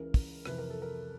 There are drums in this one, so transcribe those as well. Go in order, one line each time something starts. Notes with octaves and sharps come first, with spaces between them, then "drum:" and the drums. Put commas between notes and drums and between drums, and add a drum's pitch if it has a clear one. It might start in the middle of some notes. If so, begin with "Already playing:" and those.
Already playing: C#2 C#3 E3 A#4
drum: kick, open hi-hat
F2 C3 E3 B4, drum: rim click
A#4
A4
A#4